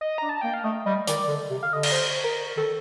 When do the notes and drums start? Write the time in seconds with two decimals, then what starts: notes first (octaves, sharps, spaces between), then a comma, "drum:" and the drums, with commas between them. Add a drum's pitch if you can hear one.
0.01 D#5
0.18 D4 A#5
0.29 A5
0.41 A#3 G5
0.54 F5
0.64 A3 D#5
0.86 G3 D#5
1.07 D#3 D5, drum: hi-hat
1.28 D3
1.50 C3
1.63 F5
1.72 D3 D#5
1.83 D5, drum: cymbal
1.92 C5
2.24 A#4
2.57 D#3 A4